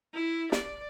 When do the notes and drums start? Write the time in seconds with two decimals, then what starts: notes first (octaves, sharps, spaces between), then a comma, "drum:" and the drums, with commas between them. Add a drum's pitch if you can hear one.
0.14 E4
0.52 D5, drum: snare